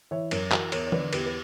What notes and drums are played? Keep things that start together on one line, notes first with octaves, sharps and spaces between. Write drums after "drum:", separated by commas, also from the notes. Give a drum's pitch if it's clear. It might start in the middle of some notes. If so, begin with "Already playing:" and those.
E3 C#5 E5
F#2 A#4 C#5, drum: cymbal
E3 F#4 A#4, drum: clap
E2 A#4 C#5, drum: cymbal
C#5
D3 B4 D5, drum: tom E3
E2 G4 B4, drum: cymbal
B4